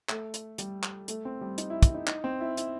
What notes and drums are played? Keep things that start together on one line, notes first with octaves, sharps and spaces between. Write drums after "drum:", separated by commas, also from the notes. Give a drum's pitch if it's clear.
A3, drum: clap
drum: hi-hat
G3, drum: hi-hat
drum: clap
A3, drum: hi-hat
C4
G3
D#4, drum: hi-hat
E4
drum: kick, hi-hat
D#4
D#4, drum: clap
C4
E4
E4, drum: hi-hat